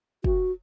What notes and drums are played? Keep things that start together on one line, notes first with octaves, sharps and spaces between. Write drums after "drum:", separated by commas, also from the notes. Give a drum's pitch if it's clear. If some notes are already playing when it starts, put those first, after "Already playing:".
F#4, drum: kick